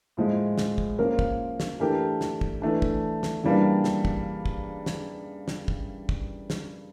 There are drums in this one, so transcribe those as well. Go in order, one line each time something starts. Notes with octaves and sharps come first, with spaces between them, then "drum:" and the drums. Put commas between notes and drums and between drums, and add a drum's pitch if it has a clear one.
A2 F3 G#3
drum: snare
drum: kick
F3 A#3 C#4 F4 A#4
drum: kick
drum: snare
E3 A3 D4 G4 A#4
drum: snare
drum: kick
E3 A3 D4
drum: kick
drum: snare
C#3 E3 G3 A#3 D4
drum: snare
drum: kick
drum: kick
drum: snare
drum: snare
drum: kick
drum: kick
drum: snare